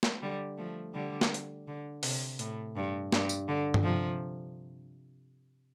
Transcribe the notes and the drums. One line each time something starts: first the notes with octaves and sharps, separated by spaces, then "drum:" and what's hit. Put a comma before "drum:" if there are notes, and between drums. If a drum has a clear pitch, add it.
drum: snare
D3 G3
F3 A3
D3 G3
drum: snare
drum: hi-hat
D3
C3, drum: open hi-hat
A2, drum: hi-hat
G2
G2, drum: snare
drum: tambourine
D3
drum: tom G2
C3 F3